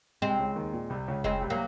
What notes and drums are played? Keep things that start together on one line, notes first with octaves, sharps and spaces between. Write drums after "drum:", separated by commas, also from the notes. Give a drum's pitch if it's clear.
C2 C3 G#3 C4
C#2 C#3
D#2 D#3
A#2
C2 C3
C#2 C#3
C#2 C#3 G#3 C4, drum: kick F1
C2 C3
F#3 A#3